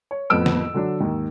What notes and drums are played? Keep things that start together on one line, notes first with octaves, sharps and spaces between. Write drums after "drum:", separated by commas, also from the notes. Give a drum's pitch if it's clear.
C#5
F2 A2 F3 B3 E6 D7
drum: snare
D3 F#3 D4
D#2 G#2 D#3